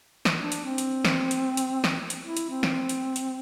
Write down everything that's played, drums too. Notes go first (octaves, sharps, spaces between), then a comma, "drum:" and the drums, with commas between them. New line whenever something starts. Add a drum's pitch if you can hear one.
drum: snare
D4
drum: hi-hat
C4
drum: hi-hat
drum: snare
drum: hi-hat
drum: hi-hat
drum: snare
drum: hi-hat
E4
drum: hi-hat
C4
drum: snare
drum: hi-hat
drum: hi-hat